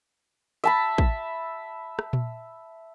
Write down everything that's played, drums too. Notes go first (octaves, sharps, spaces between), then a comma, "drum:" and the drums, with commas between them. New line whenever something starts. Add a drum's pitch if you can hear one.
E5 A5 B5
drum: kick
drum: rim click
drum: tom A#2